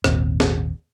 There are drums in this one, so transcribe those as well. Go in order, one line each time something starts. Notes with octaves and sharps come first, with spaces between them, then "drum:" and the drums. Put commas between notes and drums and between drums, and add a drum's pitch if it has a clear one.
G#1 D#2 A#2 C4, drum: rim click
drum: snare